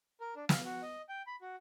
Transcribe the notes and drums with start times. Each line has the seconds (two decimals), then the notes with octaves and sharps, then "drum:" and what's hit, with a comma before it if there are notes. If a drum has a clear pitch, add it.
0.21 A#4
0.36 D4
0.49 F5, drum: snare
0.64 F#4
0.82 D#5
1.09 G5
1.27 B5
1.42 F#4